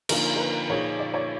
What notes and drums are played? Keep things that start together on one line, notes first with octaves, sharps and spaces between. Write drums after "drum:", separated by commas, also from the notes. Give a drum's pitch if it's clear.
D3 F3 A#3 D#4 A#4, drum: cymbal
A#4
B4
A#2 F3 A#3 D#4 G#4 C#5
D5
C#5